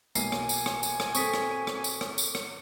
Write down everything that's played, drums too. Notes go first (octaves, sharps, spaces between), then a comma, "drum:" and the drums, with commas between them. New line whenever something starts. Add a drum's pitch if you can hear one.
B1 A#3 G#5 C7, drum: tambourine
drum: rim click
drum: tambourine
drum: rim click
drum: tambourine
drum: rim click
C4 A4 C#6 D#6 B6, drum: tambourine
drum: rim click
drum: rim click
drum: tambourine
drum: rim click
drum: tambourine
drum: rim click